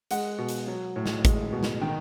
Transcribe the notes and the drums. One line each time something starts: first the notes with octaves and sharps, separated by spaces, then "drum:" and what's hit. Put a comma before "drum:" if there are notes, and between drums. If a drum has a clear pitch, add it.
G#3 F#5, drum: hi-hat
B2
drum: hi-hat
F#3
A2
drum: snare
G#3, drum: kick, hi-hat
B2
drum: snare
D#3 G5